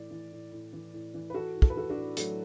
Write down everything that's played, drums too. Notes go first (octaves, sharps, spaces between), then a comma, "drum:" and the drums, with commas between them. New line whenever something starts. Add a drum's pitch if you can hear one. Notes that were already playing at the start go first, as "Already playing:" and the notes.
Already playing: A2 E3 D5
E3
A2
A2
E3
A2
E3
B4
E3 F#4 A4
A2
A4, drum: kick
B4
E3 F#4 A4
D4 F#4
A2
A2 F#3 A3, drum: hi-hat